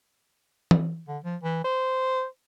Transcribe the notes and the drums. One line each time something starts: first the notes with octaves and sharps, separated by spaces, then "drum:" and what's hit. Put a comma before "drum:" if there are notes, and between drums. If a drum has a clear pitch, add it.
drum: tom E3
D3
F3
E3
C5